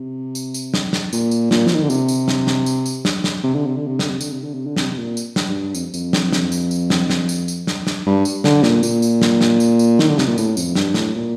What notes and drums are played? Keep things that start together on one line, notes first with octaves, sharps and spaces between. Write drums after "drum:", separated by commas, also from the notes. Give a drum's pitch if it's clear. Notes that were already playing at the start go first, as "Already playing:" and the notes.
Already playing: C3
drum: tambourine
drum: tambourine
drum: snare
drum: snare
A#2, drum: tambourine
drum: tambourine
A#2, drum: snare
F3, drum: snare
D#3
D3
C3, drum: tambourine
drum: tambourine
drum: snare
drum: snare
drum: tambourine
drum: tambourine
drum: snare
drum: snare
C3
D3
C3
D3
C3
D3, drum: snare
C3
D3, drum: tambourine
C3
D3
C3
D3
C3, drum: snare
C3
A#2
drum: tambourine
drum: snare
G2
F2, drum: tambourine
F2, drum: tambourine
drum: snare
drum: snare
drum: tambourine
drum: tambourine
drum: snare
drum: snare
drum: tambourine
drum: tambourine
drum: snare
drum: snare
G2
drum: tambourine
D3, drum: snare
A#2, drum: snare
A#2, drum: tambourine
drum: tambourine
drum: snare
drum: snare
drum: tambourine
drum: tambourine
D#3, drum: snare
D3
C3, drum: snare
A#2
A2, drum: tambourine
F2, drum: tambourine
G2, drum: snare
A2, drum: snare
A#2